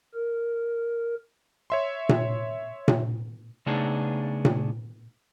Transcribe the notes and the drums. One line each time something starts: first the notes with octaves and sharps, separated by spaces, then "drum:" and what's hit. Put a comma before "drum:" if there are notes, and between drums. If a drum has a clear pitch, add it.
A#4
C#5 E5 C6
drum: tom A#2
drum: tom A#2
C#3 A3 B3 D4 D#4 G#4
drum: tom A#2